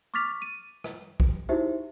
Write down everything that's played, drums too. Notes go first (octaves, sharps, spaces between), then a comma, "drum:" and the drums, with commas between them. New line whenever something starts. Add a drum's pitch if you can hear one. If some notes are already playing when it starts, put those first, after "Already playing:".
C#6 D6 F6 A6 B6 F7
D#7
drum: rim click
drum: kick
D#4 E4 F#4 G4 C5 E5